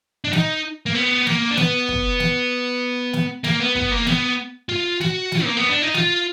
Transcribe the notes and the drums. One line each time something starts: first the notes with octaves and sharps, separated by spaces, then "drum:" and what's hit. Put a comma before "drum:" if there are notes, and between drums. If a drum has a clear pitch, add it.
D4
D#4, drum: snare
A#3
B3
A#3, drum: snare
D4
B3, drum: snare
drum: kick
drum: snare
drum: snare
A#3, drum: snare
B3
B3, drum: kick
A#3
B3, drum: snare
F4
F#4, drum: snare
drum: snare
A#3
B3
D4
D#4
F4, drum: snare